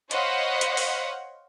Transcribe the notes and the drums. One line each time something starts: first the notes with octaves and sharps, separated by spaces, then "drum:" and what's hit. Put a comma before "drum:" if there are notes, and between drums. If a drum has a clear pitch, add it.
C5 C#5 D#5 F5 F#5 B5, drum: hi-hat
drum: hi-hat
drum: open hi-hat